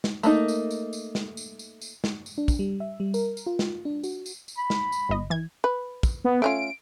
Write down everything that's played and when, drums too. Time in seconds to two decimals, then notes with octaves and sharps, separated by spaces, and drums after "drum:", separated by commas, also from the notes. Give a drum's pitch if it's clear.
0.04 drum: snare
0.23 A3 A#3 D#4, drum: tambourine
0.48 drum: tambourine
0.71 drum: tambourine
0.93 drum: tambourine
1.15 drum: snare
1.37 drum: tambourine
1.59 drum: tambourine
1.82 drum: tambourine
2.04 drum: snare
2.26 drum: tambourine
2.38 D4
2.48 drum: kick, tambourine
2.59 G3
2.80 E5
3.00 G3
3.14 A#4, drum: tambourine
3.37 drum: tambourine
3.47 F4
3.59 drum: snare
3.85 D4
4.04 F#4, drum: tambourine
4.26 drum: tambourine
4.48 drum: tambourine
4.58 B5
4.70 drum: snare
4.92 drum: tambourine
5.09 G1 D#5
5.30 E3 G#6
5.64 B4
6.03 drum: kick, tambourine
6.24 B3
6.42 A3 C#4 F4 D7